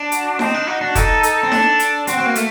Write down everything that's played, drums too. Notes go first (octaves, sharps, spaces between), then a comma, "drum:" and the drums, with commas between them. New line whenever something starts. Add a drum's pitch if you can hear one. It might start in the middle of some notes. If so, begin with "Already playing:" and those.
Already playing: D4
F#4, drum: hi-hat
C4 D#4, drum: snare D#4
D4
D#4 F#4
D4
D#4 A4, drum: kick, hi-hat
A4, drum: hi-hat
C4
D4, drum: snare D#4
drum: hi-hat
C4 F#4, drum: hi-hat
C4
A#3
A3, drum: hi-hat